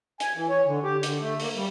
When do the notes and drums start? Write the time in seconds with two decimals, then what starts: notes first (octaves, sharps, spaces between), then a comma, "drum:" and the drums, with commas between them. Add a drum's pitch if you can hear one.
0.20 G#5, drum: hi-hat
0.35 E3
0.50 C#5
0.66 D3
0.84 G4
1.03 D3, drum: hi-hat
1.21 A3
1.40 A#3, drum: open hi-hat
1.56 G3